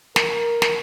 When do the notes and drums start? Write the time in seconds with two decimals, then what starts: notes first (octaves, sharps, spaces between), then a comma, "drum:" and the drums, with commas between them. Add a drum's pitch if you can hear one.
0.16 A#4, drum: snare
0.62 drum: snare